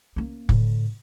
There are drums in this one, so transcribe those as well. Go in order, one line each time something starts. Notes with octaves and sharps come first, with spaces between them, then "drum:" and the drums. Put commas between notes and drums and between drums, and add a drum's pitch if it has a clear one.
A#3 C#4
A2 D3, drum: kick